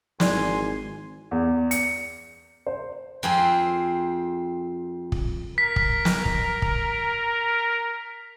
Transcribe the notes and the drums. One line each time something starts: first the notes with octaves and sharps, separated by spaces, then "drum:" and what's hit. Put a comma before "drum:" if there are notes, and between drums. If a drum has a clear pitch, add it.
G#1 E4 D5 G#5 C6, drum: snare
E2
C#7, drum: hi-hat
C5
F2 C4 G#4
drum: kick
A#4 B6
drum: kick
drum: snare
drum: kick
drum: kick